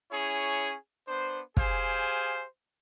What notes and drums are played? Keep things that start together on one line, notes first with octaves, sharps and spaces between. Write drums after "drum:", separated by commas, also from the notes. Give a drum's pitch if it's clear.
C#4 E4 G#4 C#5
B3 D4 C5
G4 G#4 C5 F5 G#5, drum: kick